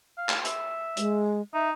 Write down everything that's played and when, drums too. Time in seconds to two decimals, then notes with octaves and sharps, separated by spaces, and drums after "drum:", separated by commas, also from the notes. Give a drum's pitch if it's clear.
0.17 F5
0.29 drum: clap
0.45 E5, drum: hi-hat
0.97 G#3, drum: hi-hat
1.54 D#4 E5